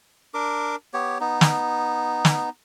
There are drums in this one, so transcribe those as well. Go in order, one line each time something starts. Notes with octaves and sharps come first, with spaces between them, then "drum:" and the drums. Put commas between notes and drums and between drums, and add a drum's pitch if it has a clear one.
D4 A#4 D6
B3 G4 C#5
B3 D#4
drum: snare
drum: snare